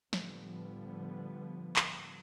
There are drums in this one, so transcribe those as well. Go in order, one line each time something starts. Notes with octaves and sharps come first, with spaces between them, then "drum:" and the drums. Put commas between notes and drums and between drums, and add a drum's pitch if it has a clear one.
A2 D3 F3 G3 B3, drum: snare
drum: clap